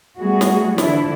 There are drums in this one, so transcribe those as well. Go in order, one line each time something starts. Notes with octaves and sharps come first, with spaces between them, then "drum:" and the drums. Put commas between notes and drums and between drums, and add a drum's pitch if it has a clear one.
G3 A3 B3 F#4 G#4
drum: snare
D3 E3 F3 D4 E4, drum: snare